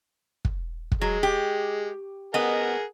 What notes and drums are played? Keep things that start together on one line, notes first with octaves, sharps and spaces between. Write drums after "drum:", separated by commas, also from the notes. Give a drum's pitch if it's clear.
drum: kick
drum: kick
F#3 G#3
G4
B3 G#4 A#4 D#5 F#5